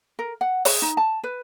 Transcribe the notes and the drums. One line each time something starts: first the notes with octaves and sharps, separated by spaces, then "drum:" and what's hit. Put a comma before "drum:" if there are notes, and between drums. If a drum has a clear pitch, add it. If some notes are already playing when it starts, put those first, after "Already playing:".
A#4
F#5
G#4, drum: open hi-hat
D#4
A5
B4